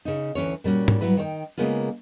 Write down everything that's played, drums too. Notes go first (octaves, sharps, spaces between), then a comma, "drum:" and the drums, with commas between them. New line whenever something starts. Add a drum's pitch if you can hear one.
C#3 D#4
D2 E3 C#4 C#5
A#2 G3 C#4 F#4
drum: tom G#2
F#3 G3 E4 F#4 B4
D#3 C#5 G5
C#3 G#3 A#3 B3 F4